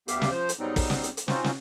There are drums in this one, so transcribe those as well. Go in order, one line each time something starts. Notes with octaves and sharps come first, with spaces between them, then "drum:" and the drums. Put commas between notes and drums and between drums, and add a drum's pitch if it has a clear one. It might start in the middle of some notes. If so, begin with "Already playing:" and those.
D2 G3 B3 G4 E5 F5, drum: hi-hat
drum: snare
F3 C5
drum: hi-hat
G#2 F#3 G3 B3 C4 D#4
drum: kick, open hi-hat
drum: snare
drum: hi-hat
drum: hi-hat
C4 C#4 D#4 F4 F#4 C5, drum: snare
drum: snare